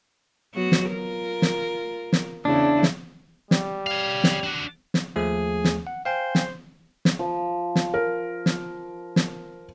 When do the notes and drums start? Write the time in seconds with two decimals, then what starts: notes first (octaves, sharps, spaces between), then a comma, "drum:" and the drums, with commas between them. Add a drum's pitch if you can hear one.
0.54 F#3 B3 F#4
0.72 drum: snare
0.91 F4 A#4
1.42 drum: snare
2.13 drum: snare
2.45 E2 C#3 D4 E4
2.83 drum: snare
3.51 G3, drum: snare
3.87 C#5 F5
4.24 drum: snare
4.44 D4 F#4
4.94 drum: snare
5.16 D#2 F3 A3 G#4
5.64 drum: snare
5.87 F#5
6.05 C5 F5 G5 G#5
6.35 drum: snare
7.05 drum: snare
7.19 F3
7.76 drum: snare
7.94 A#4
8.46 drum: snare
9.16 drum: snare